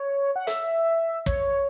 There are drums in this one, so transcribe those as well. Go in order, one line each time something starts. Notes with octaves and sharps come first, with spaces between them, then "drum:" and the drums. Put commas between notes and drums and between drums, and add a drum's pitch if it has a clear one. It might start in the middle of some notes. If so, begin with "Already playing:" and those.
Already playing: C#5
F#5
E5, drum: hi-hat
C#5, drum: kick